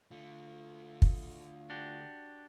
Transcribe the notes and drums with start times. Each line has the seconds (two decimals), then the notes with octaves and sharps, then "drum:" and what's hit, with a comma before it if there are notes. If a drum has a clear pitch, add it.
0.11 D3 A3 F4
1.02 drum: kick
1.70 D4 F#4 G4